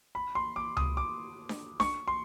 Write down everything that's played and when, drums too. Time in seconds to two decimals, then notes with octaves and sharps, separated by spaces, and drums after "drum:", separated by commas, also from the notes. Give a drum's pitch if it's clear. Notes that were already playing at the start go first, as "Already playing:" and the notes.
0.15 B5
0.35 C6
0.56 D6
0.77 D#6, drum: tom C#2
0.97 D6
1.49 drum: snare D4
1.80 C#6, drum: snare D4
2.08 C6